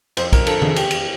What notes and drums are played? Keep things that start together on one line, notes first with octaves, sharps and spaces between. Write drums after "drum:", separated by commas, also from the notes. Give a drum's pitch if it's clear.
F2 C5, drum: cymbal
A#4, drum: kick B1, cymbal
D3 F3 A4, drum: cymbal
G#4, drum: tom D#3
E2 G4, drum: cymbal
drum: cymbal